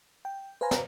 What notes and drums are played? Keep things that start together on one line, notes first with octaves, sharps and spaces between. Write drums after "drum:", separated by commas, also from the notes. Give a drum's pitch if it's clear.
G5
B4 C5 F5 G#5 A#5
drum: snare